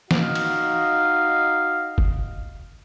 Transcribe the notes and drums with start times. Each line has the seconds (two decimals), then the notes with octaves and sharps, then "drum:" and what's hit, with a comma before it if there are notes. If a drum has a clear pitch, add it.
0.11 D#4 F#4 D#5 F5, drum: snare
0.35 drum: cymbal
1.98 drum: kick